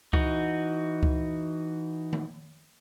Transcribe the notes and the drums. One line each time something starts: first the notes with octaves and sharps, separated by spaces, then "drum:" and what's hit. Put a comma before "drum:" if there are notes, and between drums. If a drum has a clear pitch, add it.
E3 D#4 F#4, drum: kick C#2
drum: kick C#2
drum: tom D#3